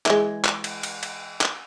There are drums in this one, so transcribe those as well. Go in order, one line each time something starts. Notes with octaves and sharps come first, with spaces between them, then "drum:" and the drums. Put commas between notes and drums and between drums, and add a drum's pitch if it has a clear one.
E3 G#3, drum: clap
drum: clap
drum: cymbal
drum: cymbal
drum: cymbal
drum: clap